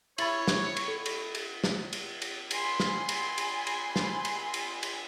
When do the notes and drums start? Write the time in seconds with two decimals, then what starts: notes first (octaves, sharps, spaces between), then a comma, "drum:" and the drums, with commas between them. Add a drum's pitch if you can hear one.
0.18 E4 C#5 B5 A6 F#7, drum: cymbal
0.48 drum: snare
0.77 drum: cymbal
0.88 A4
1.06 drum: cymbal
1.35 drum: cymbal
1.64 drum: snare
1.93 drum: cymbal
2.22 drum: cymbal
2.51 G#5 B5 C6, drum: cymbal
2.80 drum: snare
3.09 drum: cymbal
3.38 drum: cymbal
3.67 drum: cymbal
3.96 drum: snare
4.25 drum: cymbal
4.54 drum: cymbal
4.83 drum: cymbal